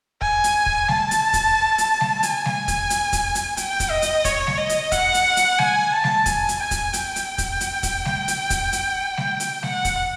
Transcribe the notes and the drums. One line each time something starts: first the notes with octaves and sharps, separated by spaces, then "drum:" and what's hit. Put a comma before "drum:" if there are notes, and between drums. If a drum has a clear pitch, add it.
G#5, drum: kick
drum: hi-hat
drum: kick
A5, drum: snare G3
drum: hi-hat
drum: kick, hi-hat
drum: hi-hat
drum: snare G3
G#5, drum: hi-hat
drum: snare G3
drum: kick, hi-hat
drum: hi-hat
drum: kick, hi-hat
drum: hi-hat
G5, drum: hi-hat
drum: kick, hi-hat
D#5
drum: hi-hat
C#5, drum: kick, hi-hat
drum: snare G3
D#5
drum: hi-hat
F#5, drum: kick, hi-hat
drum: hi-hat
drum: hi-hat
G#5, drum: snare G3
A5
drum: snare G3
G#5, drum: kick, hi-hat
drum: hi-hat
G#5
drum: kick, hi-hat
G5, drum: hi-hat
drum: hi-hat
drum: kick, hi-hat
drum: hi-hat
drum: kick, hi-hat
drum: snare G3
drum: hi-hat
drum: kick, hi-hat
drum: hi-hat
drum: snare G3
drum: hi-hat
F#5, drum: snare G3
drum: kick, hi-hat